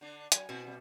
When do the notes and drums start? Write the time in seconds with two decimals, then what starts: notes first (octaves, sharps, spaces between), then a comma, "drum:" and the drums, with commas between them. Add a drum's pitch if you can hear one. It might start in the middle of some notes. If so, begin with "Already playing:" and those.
0.01 D3 D4
0.32 F#3 G#5, drum: hi-hat
0.49 B2 C4 E4 F#4
0.64 C3 G3